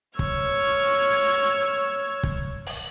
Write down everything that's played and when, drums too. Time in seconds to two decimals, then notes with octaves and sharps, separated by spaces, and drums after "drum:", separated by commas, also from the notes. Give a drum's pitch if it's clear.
0.19 C#5 C#6 E6 F6 G#6, drum: kick
2.23 drum: kick
2.66 drum: open hi-hat